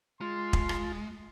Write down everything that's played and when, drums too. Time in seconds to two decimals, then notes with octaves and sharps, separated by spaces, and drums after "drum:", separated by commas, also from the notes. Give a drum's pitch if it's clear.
0.21 G#3 F4 C6
0.53 drum: kick E1
0.69 drum: rim click